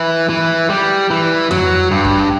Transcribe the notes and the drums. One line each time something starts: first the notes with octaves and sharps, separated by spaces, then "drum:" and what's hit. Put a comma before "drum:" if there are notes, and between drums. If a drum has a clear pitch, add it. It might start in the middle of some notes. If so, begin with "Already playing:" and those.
Already playing: E3
E3
G3
E3
F#3, drum: tom F2
G2
drum: kick F#2